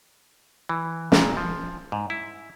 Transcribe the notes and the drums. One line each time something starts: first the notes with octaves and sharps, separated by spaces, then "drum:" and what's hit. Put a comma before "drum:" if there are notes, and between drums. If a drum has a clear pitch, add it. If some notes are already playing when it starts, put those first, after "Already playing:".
E3
A#2, drum: snare
F3
G#2
E4